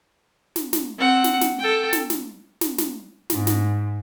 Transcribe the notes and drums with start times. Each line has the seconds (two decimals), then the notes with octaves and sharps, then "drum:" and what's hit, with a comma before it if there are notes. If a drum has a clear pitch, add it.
0.56 drum: snare
0.73 drum: snare
0.98 C4 F#5
1.24 drum: snare
1.41 drum: snare
1.59 A4 G5
1.93 drum: snare
2.10 drum: snare
2.61 drum: snare
2.78 drum: snare
3.30 G#2, drum: snare
3.47 drum: snare